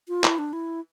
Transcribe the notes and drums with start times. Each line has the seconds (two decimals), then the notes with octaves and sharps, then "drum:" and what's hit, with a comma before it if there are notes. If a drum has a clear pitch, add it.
0.08 F4
0.24 E4, drum: clap
0.38 D4
0.53 E4